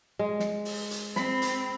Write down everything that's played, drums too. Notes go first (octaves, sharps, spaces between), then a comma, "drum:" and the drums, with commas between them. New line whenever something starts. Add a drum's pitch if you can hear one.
G#3
drum: snare
drum: open hi-hat
drum: hi-hat
C4 B5, drum: snare
drum: hi-hat